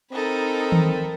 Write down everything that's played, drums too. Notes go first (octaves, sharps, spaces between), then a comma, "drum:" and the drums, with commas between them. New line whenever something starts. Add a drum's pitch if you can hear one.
C4 D#4 A4 A#4 B5
drum: tom D#3